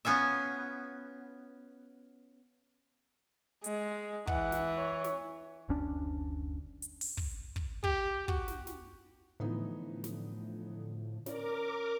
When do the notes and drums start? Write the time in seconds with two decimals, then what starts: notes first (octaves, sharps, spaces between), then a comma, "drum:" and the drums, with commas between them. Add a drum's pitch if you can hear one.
0.05 B3 C#4 F4 E5
3.64 G#3, drum: hi-hat
4.27 E3 F#5, drum: kick
4.52 drum: snare
4.78 C#5
5.04 drum: snare
5.69 F#1 D2 C#4 D4
6.82 drum: hi-hat
7.01 drum: open hi-hat
7.17 drum: kick
7.56 drum: kick
7.84 G4, drum: kick
8.28 F#4, drum: kick
8.48 drum: snare
8.67 drum: snare
9.40 A2 D3 E3 F3 B3 D#4
10.04 drum: snare
11.26 C#4 A#4 D5 D6, drum: snare